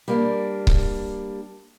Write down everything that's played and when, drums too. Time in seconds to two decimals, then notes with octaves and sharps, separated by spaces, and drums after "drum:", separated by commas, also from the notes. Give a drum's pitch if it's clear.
0.08 G3 A#3 D4
0.67 drum: kick C#1